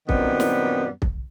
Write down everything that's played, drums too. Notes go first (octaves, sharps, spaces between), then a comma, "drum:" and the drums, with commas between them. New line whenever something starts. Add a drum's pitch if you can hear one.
F#2 A#2 D#3 G3 B3 C4, drum: kick
drum: snare
drum: kick